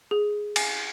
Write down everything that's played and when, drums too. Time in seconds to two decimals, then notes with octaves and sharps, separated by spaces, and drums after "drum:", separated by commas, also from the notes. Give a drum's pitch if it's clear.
0.11 G#4
0.56 G#5, drum: cymbal